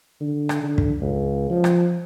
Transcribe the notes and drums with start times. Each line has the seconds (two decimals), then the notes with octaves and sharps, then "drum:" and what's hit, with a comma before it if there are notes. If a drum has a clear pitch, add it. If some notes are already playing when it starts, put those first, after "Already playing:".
0.20 D3
0.49 drum: rim click
0.63 D3
0.78 drum: kick
1.01 C#2
1.50 F3
1.64 drum: rim click